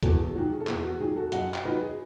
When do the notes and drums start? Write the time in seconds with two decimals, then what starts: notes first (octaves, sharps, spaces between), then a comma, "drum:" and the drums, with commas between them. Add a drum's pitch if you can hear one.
0.03 E2 F#4 A4, drum: kick C#2, hi-hat
0.19 G#4
0.35 D#3 F#3 F#4
0.52 G#4
0.60 A4
0.67 E2 G#4, drum: clap
0.84 F#4
1.00 D#3 F#3 G#4
1.16 F#4 A4
1.32 F#2 D#5 F#5, drum: hi-hat
1.54 drum: clap
1.65 D#3 F#3 B4 D#5
1.82 G#4